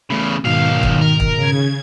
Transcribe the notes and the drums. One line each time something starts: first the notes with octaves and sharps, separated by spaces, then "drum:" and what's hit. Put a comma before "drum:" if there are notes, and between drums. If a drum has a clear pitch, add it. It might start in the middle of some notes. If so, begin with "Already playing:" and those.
E2 C#3 A3 B5
B1 G#2 B2 D#3 F5
drum: kick
A#4
drum: kick
C#3 G#6